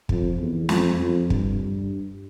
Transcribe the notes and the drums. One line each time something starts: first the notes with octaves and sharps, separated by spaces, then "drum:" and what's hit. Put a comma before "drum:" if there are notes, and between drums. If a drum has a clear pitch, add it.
F2, drum: kick
E2
F2, drum: snare
F2
G2, drum: kick